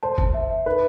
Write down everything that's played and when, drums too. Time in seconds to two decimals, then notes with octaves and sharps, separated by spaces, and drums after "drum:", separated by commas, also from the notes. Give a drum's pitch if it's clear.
0.03 C5 A5
0.18 A5, drum: kick G1
0.34 E5
0.50 E5
0.66 D#4 B4